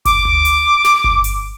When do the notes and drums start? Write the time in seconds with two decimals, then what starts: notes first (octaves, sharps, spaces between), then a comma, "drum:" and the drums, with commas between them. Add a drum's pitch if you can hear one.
0.05 D6, drum: kick G1, hi-hat
0.25 drum: tom D2
0.45 drum: hi-hat
0.84 drum: snare
1.04 drum: kick G1
1.24 drum: hi-hat